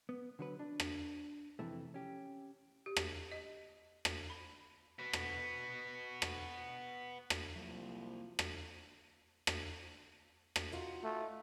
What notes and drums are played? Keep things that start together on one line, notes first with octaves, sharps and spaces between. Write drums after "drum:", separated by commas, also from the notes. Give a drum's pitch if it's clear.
B3
D3 F#3 B4
D4
drum: rim click
F2 C3 E3 A3
C#4 G4
G4
drum: rim click
D#5
drum: rim click
B5
B3 F#4
drum: rim click
drum: rim click
drum: rim click
C2 F3 F#3 A#3 E5
drum: rim click
drum: rim click
drum: rim click
D#4 F4 F#4
A3